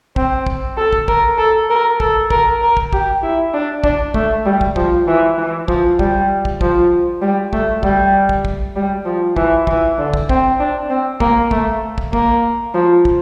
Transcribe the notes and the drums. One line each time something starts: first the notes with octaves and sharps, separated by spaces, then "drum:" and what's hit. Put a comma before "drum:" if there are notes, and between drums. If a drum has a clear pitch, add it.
C4, drum: kick
drum: kick
A4
drum: kick
A#4, drum: kick
A4
A#4
A4, drum: kick
A#4, drum: kick
A#4
drum: kick
G4, drum: kick
E4
D4
D4, drum: kick
A3, drum: kick
G3
drum: kick
F3, drum: kick
E3
E3
F3, drum: kick
G3, drum: kick
drum: kick
F3, drum: kick
G3
A3, drum: kick
G3, drum: kick
drum: kick
drum: kick
G3
F3
E3, drum: kick
E3, drum: kick
D3
drum: kick
C4, drum: kick
D4
C4
A#3, drum: kick
A3, drum: kick
drum: kick
A#3, drum: kick
F3
drum: kick